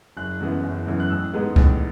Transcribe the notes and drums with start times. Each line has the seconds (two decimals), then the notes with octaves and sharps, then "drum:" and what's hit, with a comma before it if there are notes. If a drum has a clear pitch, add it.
0.17 F#1 F#6
0.40 F#2 E3 B3
0.63 F#1
0.87 F#2 E3 B3
1.00 F#6
1.10 A1 E6
1.33 G#2 G#3 B3
1.56 A1, drum: kick C#2